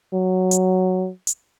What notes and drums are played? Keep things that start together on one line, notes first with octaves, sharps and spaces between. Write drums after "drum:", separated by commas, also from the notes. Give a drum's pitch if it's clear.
F#3
drum: hi-hat
drum: hi-hat